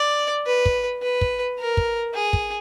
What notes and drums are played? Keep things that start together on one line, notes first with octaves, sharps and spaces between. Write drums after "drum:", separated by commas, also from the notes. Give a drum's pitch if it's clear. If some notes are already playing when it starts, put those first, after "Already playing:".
Already playing: D5
B4
drum: kick
B4
drum: kick
A#4
drum: kick
G#4
drum: kick